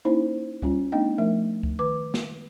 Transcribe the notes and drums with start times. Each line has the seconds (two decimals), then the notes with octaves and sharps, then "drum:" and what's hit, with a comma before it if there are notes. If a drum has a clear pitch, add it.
0.05 A#3 C#4 D#4 E4 C5
0.62 G3 C#4 F4, drum: kick C#2
0.92 A3 B3 D4 D#4 D#5 G5
1.18 F3 A3 A#4 E5
1.63 drum: kick C#2
1.79 D#3 B4 D6
2.14 drum: snare